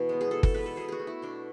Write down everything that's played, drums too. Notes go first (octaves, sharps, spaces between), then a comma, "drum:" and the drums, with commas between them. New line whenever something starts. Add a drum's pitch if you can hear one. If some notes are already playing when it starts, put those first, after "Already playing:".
Already playing: B2 E3 B4
G#3 B3
G#4
B2 A4
A4, drum: kick G1
G#3 B3 B4
A4
B2 G#4
F#4 G#4
A3
E4
B2 D4